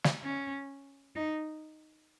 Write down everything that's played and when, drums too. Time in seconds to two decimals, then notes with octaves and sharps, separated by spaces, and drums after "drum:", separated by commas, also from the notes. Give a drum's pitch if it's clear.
0.04 drum: snare
0.23 C#4
1.16 D#4